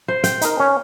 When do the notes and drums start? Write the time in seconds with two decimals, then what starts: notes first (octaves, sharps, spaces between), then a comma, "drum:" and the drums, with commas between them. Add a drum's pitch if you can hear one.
0.08 C5
0.24 G5, drum: hi-hat
0.41 D#4 A#4, drum: hi-hat
0.60 C#4